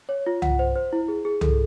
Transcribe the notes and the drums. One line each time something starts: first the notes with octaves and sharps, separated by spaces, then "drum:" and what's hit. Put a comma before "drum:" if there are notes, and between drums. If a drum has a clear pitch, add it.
C#5
F4
F#5, drum: tom C2
C5
C5
E4
G#4
G#4
A4, drum: tom C2